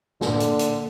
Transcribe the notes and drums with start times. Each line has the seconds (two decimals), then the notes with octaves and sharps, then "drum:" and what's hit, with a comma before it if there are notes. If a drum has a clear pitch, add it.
0.21 A#2 D3, drum: snare
0.40 drum: hi-hat
0.59 drum: hi-hat